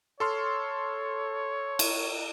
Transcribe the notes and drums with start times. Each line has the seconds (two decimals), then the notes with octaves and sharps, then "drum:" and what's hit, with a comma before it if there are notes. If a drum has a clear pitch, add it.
0.20 A4 C#5 C6 F6
1.79 drum: cymbal